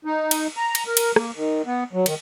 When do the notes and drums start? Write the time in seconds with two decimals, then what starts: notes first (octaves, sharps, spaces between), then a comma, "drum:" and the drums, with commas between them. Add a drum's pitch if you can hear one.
0.05 D#4
0.31 drum: cymbal
0.57 A#5
0.75 drum: cymbal
0.87 A#4
0.97 drum: cymbal
1.16 A#3, drum: rim click
1.36 D#3
1.66 B3
1.93 F#3
2.06 D#3, drum: cymbal